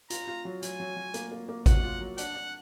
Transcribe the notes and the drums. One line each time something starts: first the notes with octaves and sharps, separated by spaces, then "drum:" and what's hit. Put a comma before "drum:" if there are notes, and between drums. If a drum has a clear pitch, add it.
F4 A#5, drum: hi-hat
F4
F#3
F#3 G#5, drum: hi-hat
F#3
F#3
A#3, drum: hi-hat
A#3
A#3
F#3 F#5, drum: kick G#1, hi-hat
F4
F#3
D4 F#5, drum: hi-hat
D4